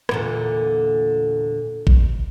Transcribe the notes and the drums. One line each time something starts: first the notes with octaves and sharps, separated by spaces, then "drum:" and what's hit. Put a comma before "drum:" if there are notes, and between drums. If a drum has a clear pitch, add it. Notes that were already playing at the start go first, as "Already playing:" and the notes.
E2 A#2 D3, drum: rim click
drum: kick